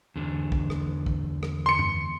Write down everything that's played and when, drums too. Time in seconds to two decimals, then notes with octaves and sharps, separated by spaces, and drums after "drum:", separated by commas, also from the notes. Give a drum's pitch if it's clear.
0.16 E2 D3
0.52 drum: kick
0.70 drum: rim click
1.06 drum: kick
1.43 drum: rim click
1.66 C6 C#7
1.79 drum: tom F#2